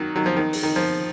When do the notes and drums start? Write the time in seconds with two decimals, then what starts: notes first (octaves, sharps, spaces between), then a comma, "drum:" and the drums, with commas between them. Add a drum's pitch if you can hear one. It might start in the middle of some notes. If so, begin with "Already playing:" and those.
Already playing: D#3 F#3
0.16 D#3 F#3
0.26 F3
0.36 D#3
0.53 drum: open hi-hat
0.63 D#3
0.76 F3